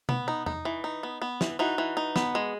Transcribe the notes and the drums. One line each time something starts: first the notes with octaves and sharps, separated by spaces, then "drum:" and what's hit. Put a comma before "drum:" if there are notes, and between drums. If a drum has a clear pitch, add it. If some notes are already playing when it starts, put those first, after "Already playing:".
B3, drum: tom B2
D#4
D#4, drum: tom E2
E3
D#4
B3
B3
E3, drum: snare
E3 D#4 F#4
E3
D#4
B3, drum: snare
G#3